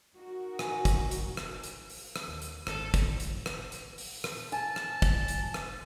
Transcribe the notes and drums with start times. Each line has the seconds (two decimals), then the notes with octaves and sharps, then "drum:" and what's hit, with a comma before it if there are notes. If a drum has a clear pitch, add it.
0.16 D#4 F#4 A#4
0.59 G#5, drum: rim click
0.85 drum: kick, hi-hat
1.11 drum: hi-hat
1.37 drum: rim click
1.63 drum: hi-hat
1.90 drum: open hi-hat
2.16 drum: rim click
2.28 D#2
2.42 drum: hi-hat
2.67 G#1 A4, drum: rim click
2.94 drum: kick, hi-hat
3.20 drum: hi-hat
3.46 drum: rim click
3.72 drum: hi-hat
3.98 drum: open hi-hat
4.24 drum: rim click
4.52 G#5 A5, drum: hi-hat
4.76 drum: rim click
5.02 drum: kick, hi-hat
5.28 drum: hi-hat
5.54 drum: rim click